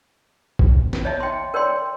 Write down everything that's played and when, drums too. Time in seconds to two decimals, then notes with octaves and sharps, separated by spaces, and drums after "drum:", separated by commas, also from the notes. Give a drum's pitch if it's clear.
0.59 drum: kick A1
0.93 drum: snare
1.05 C#5 D#5 E5 A5
1.20 G5 C6
1.54 A#4 C#5 D5 G5 C6